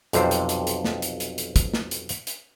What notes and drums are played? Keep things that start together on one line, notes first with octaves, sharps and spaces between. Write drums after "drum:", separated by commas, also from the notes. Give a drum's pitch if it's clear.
B1 F2 C3 C5, drum: hi-hat
drum: hi-hat
drum: hi-hat
drum: hi-hat
drum: snare
drum: hi-hat
drum: hi-hat
drum: hi-hat
drum: kick, hi-hat
drum: snare
drum: hi-hat
drum: hi-hat
drum: hi-hat